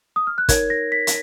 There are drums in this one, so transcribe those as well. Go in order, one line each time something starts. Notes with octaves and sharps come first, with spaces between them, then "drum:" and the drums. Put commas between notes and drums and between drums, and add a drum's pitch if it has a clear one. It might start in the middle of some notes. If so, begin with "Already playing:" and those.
D#6
F6
F#6
D#4 A#4 C#5 G#6, drum: kick, hi-hat
A#6
B6
drum: hi-hat